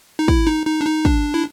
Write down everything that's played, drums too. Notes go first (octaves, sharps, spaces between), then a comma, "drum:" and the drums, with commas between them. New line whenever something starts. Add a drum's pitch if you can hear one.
D#4
E4, drum: kick
D#4
D#4
D4
D#4
D4, drum: kick
E4